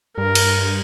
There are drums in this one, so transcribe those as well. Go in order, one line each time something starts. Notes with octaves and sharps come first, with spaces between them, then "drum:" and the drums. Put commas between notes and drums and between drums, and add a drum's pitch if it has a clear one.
G2 A#4
drum: cymbal